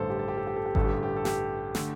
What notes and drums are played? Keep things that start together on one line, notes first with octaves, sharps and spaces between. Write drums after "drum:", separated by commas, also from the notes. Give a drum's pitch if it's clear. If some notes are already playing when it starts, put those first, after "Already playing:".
Already playing: A1 G2 D3 A4 C5
G4
A4
G4
A4
G4
A4
G4
A1 G2 D3 A3 A4, drum: kick G#1
G4
A4
G4
A4
G4, drum: snare
D3 A3, drum: snare